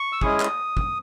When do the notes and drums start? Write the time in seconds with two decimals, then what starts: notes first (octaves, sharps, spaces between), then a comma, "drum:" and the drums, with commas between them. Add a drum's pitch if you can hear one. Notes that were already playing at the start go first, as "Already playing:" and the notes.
Already playing: C#6
0.12 E6
0.21 G#3 C#4 E4 G#4 D#6, drum: kick
0.40 drum: clap
0.77 drum: kick